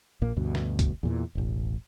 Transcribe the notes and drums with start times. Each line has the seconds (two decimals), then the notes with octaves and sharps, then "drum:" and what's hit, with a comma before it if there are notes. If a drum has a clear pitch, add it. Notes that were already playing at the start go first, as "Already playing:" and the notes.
0.21 A#1 A#2 A#3
0.37 D2 G2 B2
0.55 drum: snare
0.79 drum: kick F#1, hi-hat
1.03 E2 A#2 E3
1.35 E1 A1